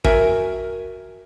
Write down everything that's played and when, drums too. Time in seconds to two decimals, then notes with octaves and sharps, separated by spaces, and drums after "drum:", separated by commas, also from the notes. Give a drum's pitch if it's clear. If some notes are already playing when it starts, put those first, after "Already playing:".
0.04 F#4 A#4 E5 G5 G#5, drum: kick